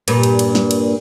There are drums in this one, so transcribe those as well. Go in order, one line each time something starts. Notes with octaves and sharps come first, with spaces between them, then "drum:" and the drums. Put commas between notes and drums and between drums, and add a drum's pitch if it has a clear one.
G2 A#2, drum: cymbal
drum: cymbal
drum: cymbal
drum: snare
drum: cymbal